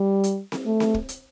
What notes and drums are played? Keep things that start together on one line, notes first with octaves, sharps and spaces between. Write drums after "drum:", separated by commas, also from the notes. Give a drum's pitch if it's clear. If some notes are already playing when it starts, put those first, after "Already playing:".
Already playing: G3
drum: hi-hat
drum: snare C4
A3
drum: snare C4
drum: kick
drum: hi-hat